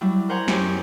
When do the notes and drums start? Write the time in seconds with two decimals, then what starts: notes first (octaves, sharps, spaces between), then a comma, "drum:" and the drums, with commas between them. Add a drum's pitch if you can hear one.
0.01 F#3 G3 E4
0.29 A#4 C5 F#5 G#5 A#5 C6
0.48 F#2 G4 C#5, drum: snare